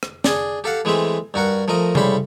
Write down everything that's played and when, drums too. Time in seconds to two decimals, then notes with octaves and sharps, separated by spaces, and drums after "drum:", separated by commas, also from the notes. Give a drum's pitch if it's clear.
0.03 drum: rim click
0.24 D4 G#4, drum: snare
0.64 G4 A4 F5 F#5
0.85 E3 G#3 A3 C4 E5
1.34 G2 F#4 A#4 F#5
1.68 F3 A3 A#4 D#5
1.95 A2 C#3 G3 C5 B5, drum: tom C3